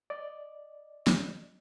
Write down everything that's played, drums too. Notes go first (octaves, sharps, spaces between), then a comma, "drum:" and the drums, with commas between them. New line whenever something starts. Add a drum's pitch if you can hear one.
D5 D#5
drum: snare